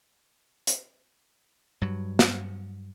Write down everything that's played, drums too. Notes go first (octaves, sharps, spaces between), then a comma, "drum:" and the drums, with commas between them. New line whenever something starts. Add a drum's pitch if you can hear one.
drum: hi-hat
G2 F#3
drum: snare